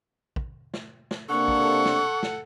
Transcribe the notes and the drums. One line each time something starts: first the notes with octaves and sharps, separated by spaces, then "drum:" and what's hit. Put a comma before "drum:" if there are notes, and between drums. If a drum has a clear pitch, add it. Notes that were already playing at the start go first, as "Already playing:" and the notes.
drum: kick
drum: snare
drum: snare
C3 A#3 D4 A4 F#5 C#6
drum: kick
drum: snare
drum: snare